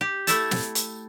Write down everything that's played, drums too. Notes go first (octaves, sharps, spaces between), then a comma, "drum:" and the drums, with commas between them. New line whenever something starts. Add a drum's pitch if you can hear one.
G4
A3 E4 A4, drum: hi-hat
drum: snare
drum: hi-hat